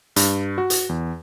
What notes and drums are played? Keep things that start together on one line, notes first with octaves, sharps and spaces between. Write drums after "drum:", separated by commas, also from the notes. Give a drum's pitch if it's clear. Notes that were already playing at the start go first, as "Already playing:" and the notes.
G2, drum: hi-hat
F#4
drum: hi-hat
E2